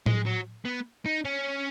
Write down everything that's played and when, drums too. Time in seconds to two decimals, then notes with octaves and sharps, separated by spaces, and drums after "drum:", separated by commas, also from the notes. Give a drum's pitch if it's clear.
0.06 G#3, drum: tom A2
0.26 F#3
0.65 B3
1.06 D#4
1.25 C#4